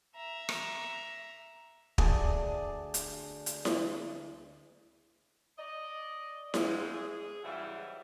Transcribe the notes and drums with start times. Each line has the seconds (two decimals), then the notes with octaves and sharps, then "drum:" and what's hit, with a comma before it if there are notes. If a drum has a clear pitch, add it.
0.15 E5 A#5
0.49 drum: rim click
1.98 D2 D4 G#4 D5, drum: kick
2.94 drum: hi-hat
3.46 drum: hi-hat
3.65 drum: snare E4
5.58 D5 D#5
6.54 G#2 C3 G3 G#3, drum: snare E4
6.93 G#4
7.43 G#2 C#3 E3 F#3 G3 E4